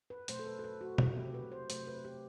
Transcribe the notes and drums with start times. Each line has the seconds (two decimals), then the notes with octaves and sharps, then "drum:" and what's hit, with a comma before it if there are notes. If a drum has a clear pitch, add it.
0.10 B4
0.28 B2 F#3 A3 C5, drum: hi-hat
0.39 A4
0.47 B4
0.59 A4
0.64 B4
0.81 F#4
0.98 C3 F#3 A3 E4, drum: tom B2
1.17 G4
1.34 B4
1.52 C5
1.70 C3 F#3 A3 C5, drum: hi-hat
1.88 B4
2.05 G4